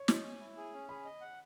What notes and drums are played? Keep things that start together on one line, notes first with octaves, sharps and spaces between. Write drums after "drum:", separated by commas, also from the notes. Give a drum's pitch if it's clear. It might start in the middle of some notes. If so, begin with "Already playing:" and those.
Already playing: C#5
D#5, drum: snare
G#5
E4
G#4
C#4
G#4 B5
D#5
F#5